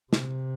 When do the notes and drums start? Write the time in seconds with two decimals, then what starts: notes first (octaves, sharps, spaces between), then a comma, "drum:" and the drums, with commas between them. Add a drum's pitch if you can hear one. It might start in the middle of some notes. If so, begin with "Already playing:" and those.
0.13 C3, drum: snare